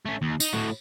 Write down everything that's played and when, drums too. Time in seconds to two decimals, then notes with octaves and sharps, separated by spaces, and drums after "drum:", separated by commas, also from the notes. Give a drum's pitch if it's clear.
0.06 A3 C#4
0.22 D#2
0.40 D#4, drum: tambourine
0.53 A2 F#4